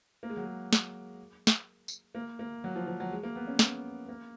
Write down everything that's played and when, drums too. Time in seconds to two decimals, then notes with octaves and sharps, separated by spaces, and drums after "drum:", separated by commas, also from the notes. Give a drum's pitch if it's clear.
0.23 A#3
0.30 G#3
0.37 F#3
0.45 G#3
0.73 drum: snare
1.47 drum: snare
1.88 drum: tambourine
2.15 A#3
2.39 A#3
2.64 F#3
2.76 F3
2.87 F3
3.00 F#3
3.12 G#3
3.23 A#3
3.36 B3
3.48 C#4
3.59 B3, drum: snare
4.09 A#3